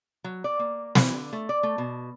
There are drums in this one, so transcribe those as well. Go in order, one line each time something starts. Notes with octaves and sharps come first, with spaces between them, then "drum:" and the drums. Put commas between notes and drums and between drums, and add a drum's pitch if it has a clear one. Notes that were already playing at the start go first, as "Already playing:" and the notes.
F#3
D5
A#3
E3, drum: snare
D3
A3
D5
A3
B2